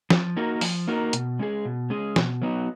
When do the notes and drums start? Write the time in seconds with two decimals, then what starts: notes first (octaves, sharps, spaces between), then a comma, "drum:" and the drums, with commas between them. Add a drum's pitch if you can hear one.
0.10 F3, drum: snare
0.37 A#3 D#4 F#4 A#4
0.61 F3, drum: open hi-hat
0.88 A#3 D#4 F#4 A#4
1.13 B2, drum: hi-hat
1.39 G#3 C#4 G#4
1.65 B2
1.90 G#3 C#4 G#4
2.16 B2, drum: snare
2.42 F#3 B3 D#4 F#4